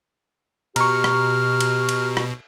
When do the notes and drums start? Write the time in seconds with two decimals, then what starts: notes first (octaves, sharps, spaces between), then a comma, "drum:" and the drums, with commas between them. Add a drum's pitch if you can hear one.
0.76 B2 G4 A#5 C#6 F6, drum: cymbal
1.04 drum: rim click
1.61 drum: cymbal
1.89 drum: cymbal
2.17 drum: rim click